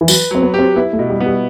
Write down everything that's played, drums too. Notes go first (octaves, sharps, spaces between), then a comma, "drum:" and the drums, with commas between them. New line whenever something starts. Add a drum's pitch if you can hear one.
E3
F#3 B4, drum: tambourine
F#3 C4
B3
C4 G4
B3 E4
A3
B2
G3
B3
G3